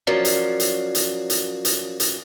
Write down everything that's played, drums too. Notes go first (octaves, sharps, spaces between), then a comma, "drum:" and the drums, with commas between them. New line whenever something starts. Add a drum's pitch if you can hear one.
F3 F#3 C#4 A#4 D5 C7
drum: hi-hat
drum: hi-hat
drum: hi-hat
drum: hi-hat
drum: hi-hat
drum: hi-hat